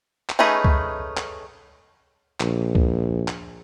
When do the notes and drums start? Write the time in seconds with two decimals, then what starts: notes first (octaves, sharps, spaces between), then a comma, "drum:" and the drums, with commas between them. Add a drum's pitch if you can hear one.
0.29 drum: clap
0.39 A3 C#4 D#4 G#4 B4
0.64 drum: kick C#2
1.17 drum: clap
2.40 A#1, drum: clap
2.75 drum: kick C#2
3.28 drum: clap